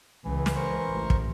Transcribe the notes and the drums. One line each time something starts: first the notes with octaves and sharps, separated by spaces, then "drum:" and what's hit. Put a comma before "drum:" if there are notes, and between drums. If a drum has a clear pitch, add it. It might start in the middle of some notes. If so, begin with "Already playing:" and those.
C#2 E3
drum: snare
A#4 C5 C#6
A1
drum: kick